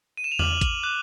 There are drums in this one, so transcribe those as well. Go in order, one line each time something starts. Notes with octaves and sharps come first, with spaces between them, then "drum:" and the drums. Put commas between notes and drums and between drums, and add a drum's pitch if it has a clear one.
D#7
E7
F7
D6 F6 F#7, drum: tom E2
drum: kick A1, hi-hat
D6 F#6